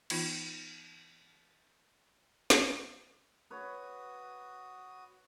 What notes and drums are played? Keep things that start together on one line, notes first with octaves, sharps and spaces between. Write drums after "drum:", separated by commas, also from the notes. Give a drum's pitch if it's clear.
E3 B3 D#4 F4, drum: cymbal
drum: snare
F#4 B4 C#5 D#6